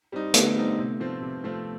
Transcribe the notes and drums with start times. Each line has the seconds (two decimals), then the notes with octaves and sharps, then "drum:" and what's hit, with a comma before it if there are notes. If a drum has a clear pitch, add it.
0.12 G3 C4 D#4
0.34 D3 A3 B3, drum: hi-hat
0.56 G3 C4 D#4
0.78 C3
1.00 F3 A3 C4 F4
1.22 C3
1.44 F3 A3 C4 F4